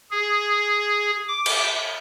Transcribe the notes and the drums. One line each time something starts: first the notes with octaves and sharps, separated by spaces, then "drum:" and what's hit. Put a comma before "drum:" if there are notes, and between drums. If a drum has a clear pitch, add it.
G#4
D6
drum: cymbal